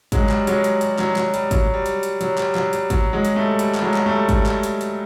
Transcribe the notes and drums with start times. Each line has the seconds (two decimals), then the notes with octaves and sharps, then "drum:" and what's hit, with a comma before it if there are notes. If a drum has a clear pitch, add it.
0.12 F#3 G#3, drum: kick, hi-hat
0.29 G3, drum: clap
0.47 F#3 G#3, drum: hi-hat
0.64 drum: hi-hat
0.81 G3, drum: hi-hat
0.99 F#3, drum: clap
1.16 F#3, drum: clap
1.34 G3, drum: hi-hat
1.51 F#3, drum: kick, hi-hat
1.74 G3
1.86 drum: hi-hat
2.03 drum: hi-hat
2.21 F#3, drum: hi-hat
2.38 G3, drum: clap
2.55 F#3, drum: clap
2.73 G3, drum: hi-hat
2.90 F#3, drum: kick, hi-hat
3.13 F#3 G#3
3.25 drum: hi-hat
3.36 G3 A3
3.59 G3, drum: hi-hat
3.75 G3, drum: clap
3.82 F#3 G#3
3.94 drum: clap
4.06 G3 A3
4.29 drum: kick, hi-hat
4.46 drum: clap
4.63 drum: hi-hat
4.81 drum: hi-hat